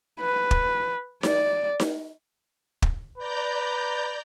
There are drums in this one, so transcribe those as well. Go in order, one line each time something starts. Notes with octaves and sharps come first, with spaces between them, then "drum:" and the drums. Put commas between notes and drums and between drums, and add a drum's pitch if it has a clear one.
B4
drum: kick
D5, drum: snare D#4
drum: snare D#4
drum: kick
B4 D5 A#5 G6